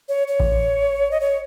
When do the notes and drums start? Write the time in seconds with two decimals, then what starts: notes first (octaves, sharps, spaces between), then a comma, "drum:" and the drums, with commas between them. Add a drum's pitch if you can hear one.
0.09 C#5
0.28 C#5
0.40 drum: kick A1
1.11 D#5
1.20 C#5